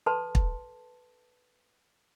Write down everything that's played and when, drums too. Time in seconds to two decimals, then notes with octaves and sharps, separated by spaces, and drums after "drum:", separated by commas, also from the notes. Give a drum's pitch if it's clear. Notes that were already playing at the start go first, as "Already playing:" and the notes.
0.06 A4 B4 A5 C6
0.35 drum: kick